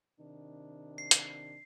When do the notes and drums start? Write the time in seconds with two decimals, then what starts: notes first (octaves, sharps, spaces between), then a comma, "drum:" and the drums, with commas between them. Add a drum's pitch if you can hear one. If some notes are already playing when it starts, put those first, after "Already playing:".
0.20 C3 D#3 D4
0.98 C7
1.11 drum: hi-hat